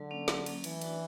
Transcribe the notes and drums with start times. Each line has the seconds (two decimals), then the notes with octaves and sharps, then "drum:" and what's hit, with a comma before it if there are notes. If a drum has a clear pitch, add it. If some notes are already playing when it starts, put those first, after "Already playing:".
Already playing: D3 F#3
0.11 A#3 C#4
0.28 F#3, drum: snare
0.46 A#3 C#4, drum: cymbal
0.64 E3 A3, drum: cymbal
0.81 D4 F#4 B4 D5, drum: cymbal